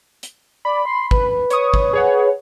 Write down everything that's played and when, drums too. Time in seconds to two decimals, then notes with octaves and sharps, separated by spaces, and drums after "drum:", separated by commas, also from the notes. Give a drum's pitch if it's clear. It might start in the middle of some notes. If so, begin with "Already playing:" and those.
0.23 drum: hi-hat
0.65 D5 B5
0.85 C6
1.11 B4, drum: kick
1.50 C#5 C#6 D#6, drum: hi-hat
1.74 drum: kick
1.93 G#4 C#5 F#5